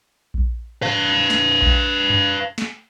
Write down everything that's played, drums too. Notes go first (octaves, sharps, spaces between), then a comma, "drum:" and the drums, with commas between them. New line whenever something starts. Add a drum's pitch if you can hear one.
drum: kick A#1
B4 F5, drum: tom G#2
drum: snare
drum: kick A#1
drum: tom F#2
drum: snare